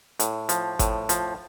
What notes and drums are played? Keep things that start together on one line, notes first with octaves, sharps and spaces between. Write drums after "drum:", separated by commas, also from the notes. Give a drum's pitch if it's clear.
A2, drum: hi-hat
F3, drum: hi-hat
A2, drum: kick G#1, hi-hat
F3, drum: hi-hat